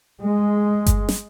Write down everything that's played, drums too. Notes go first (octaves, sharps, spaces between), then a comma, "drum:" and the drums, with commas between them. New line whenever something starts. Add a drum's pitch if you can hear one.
G#3
drum: kick G1, hi-hat
drum: snare